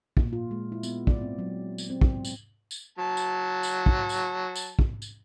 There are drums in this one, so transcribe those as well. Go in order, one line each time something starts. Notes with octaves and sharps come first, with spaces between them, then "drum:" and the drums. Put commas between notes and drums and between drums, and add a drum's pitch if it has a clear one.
A#2, drum: kick
F4
G#3
E4
B3, drum: tambourine
D5, drum: kick
C4
F#3
drum: tambourine
C4
drum: kick
drum: tambourine
drum: tambourine
F#3 A5
drum: tambourine
drum: tambourine
drum: kick
drum: tambourine
drum: tambourine
drum: kick
drum: tambourine